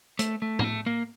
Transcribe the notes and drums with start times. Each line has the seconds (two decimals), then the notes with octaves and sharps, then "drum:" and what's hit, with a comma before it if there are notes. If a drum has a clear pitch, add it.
0.19 A3, drum: hi-hat
0.42 A3
0.59 A#3, drum: tom
0.64 A3
0.86 A#3